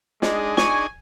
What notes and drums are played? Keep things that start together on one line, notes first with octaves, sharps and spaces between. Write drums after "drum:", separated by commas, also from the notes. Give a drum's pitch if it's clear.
G#3 D4 D#4 G#4, drum: snare
G#5 C#6, drum: snare